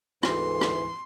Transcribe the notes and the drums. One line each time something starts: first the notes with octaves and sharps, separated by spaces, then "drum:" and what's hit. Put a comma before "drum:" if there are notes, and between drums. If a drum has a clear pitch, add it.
D2 G#2 E3 C6, drum: rim click
drum: rim click